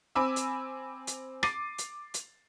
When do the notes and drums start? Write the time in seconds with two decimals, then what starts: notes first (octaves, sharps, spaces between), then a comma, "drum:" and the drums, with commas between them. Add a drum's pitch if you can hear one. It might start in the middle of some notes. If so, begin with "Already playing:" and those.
0.15 C4 G#5 B5 D6 E6
0.36 drum: hi-hat
1.07 drum: hi-hat
1.43 D6 A6 C7 D#7, drum: rim click
1.78 drum: hi-hat
2.14 drum: hi-hat